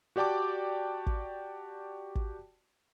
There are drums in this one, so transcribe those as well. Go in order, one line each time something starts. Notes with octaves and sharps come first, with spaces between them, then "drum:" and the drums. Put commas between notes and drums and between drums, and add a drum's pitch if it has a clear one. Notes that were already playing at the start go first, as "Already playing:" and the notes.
F#4 G4 D5 G5 A5 D6
drum: kick
drum: kick